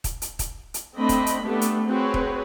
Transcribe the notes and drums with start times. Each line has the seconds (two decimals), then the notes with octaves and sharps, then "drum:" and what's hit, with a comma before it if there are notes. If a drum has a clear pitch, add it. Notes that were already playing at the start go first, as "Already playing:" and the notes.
0.04 drum: kick, hi-hat
0.22 drum: hi-hat
0.39 drum: kick, hi-hat
0.74 drum: hi-hat
0.96 A3 C4 D4 D#5 B5
1.09 drum: kick, hi-hat
1.26 drum: hi-hat
1.44 A3 B3 D4 G4
1.61 drum: hi-hat
1.86 C4 F#4 G#4 B4 C#5
2.14 drum: kick